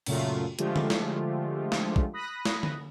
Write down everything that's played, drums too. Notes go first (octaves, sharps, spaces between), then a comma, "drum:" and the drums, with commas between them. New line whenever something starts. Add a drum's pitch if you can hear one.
F#2 A#2 C#3 F#3 A3 F4, drum: cymbal
D3 F3 G#3 A3 F4 G4, drum: hi-hat
drum: tom
drum: snare
drum: snare
drum: kick
B5 D#6 F#6 A#6
drum: snare
drum: tom D3